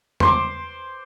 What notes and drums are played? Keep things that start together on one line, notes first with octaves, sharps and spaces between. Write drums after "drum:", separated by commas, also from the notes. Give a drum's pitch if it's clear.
C5 C6 D6, drum: tom E2